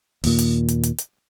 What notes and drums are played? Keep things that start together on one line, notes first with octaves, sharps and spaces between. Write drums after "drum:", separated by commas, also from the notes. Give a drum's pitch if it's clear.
D#2 A#2, drum: open hi-hat
drum: hi-hat
drum: hi-hat
drum: hi-hat
drum: hi-hat